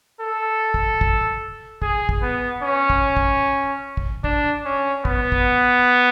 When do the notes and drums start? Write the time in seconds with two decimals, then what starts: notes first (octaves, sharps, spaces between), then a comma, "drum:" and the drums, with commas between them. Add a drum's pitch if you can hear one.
0.20 A4
0.74 drum: kick
1.01 drum: kick
1.82 G#4, drum: kick
2.09 drum: kick
2.22 B3
2.62 C#4
2.90 drum: kick
3.17 drum: kick
3.97 drum: kick
4.24 D4, drum: kick
4.65 C#4
5.05 B3, drum: kick
5.32 drum: kick